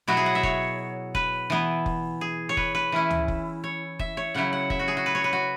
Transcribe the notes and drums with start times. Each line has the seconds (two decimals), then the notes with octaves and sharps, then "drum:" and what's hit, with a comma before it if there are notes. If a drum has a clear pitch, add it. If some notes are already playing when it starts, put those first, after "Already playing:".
0.08 B2 F#3 B3 E4 F#4
0.17 G#4
0.26 F#5
0.35 E5
0.43 C#5, drum: kick F1
1.15 B4, drum: kick F1
1.50 E3 B3 E4
1.86 drum: kick F1
2.21 G#4
2.49 C#5
2.57 B4, drum: kick F1
2.75 B4
2.92 E3 C#4 E4
3.10 drum: tom C#2
3.28 drum: kick F1
3.64 C#5
3.99 E5, drum: kick F1
4.17 C#5
4.34 C#3 F#3 E4 F#5
4.53 F#5
4.70 E5, drum: kick F1
4.79 F#4
4.88 G#4
4.97 F#4
5.06 B4
5.15 C#5
5.24 B4
5.33 F#4